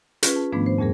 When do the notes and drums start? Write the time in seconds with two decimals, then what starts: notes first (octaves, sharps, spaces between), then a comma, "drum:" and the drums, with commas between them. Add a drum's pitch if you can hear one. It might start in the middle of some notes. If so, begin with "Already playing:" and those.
0.23 C#4 F4 G#4 B4, drum: hi-hat
0.36 A5
0.52 G#2 D#3 F3 A3 B3 D4
0.66 C5
0.78 F2 A#2 G3 G#4 A#4